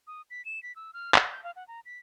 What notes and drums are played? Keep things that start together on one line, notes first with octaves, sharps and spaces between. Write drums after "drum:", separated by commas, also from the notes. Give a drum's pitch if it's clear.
D#6
B6
E7
B6
E6
F6
F#5, drum: clap
G6
F5
F#5
A#5
B6